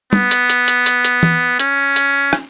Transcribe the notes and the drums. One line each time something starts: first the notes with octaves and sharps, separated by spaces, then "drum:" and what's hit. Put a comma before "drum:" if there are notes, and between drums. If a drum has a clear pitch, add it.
B3, drum: tom
drum: hi-hat
drum: hi-hat
drum: hi-hat
drum: hi-hat
drum: hi-hat
drum: tom E3
C#4, drum: hi-hat
drum: hi-hat
drum: rim click